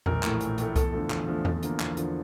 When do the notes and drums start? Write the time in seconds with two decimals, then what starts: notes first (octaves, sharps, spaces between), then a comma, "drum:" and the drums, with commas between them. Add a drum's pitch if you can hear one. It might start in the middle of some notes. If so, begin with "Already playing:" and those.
0.06 A#1 A#4, drum: tom E2
0.23 A2 E3 A3, drum: clap
0.41 A#1, drum: hi-hat
0.58 A2 E3 A3, drum: hi-hat
0.76 E2 A4, drum: kick C2, hi-hat
0.93 D3 F3 A3
1.10 E2, drum: clap
1.28 D3 F3 A3
1.45 E2 A4, drum: tom E2
1.63 D3 F3 A#3, drum: hi-hat
1.80 E2, drum: clap
1.97 D3 F3 A#3, drum: hi-hat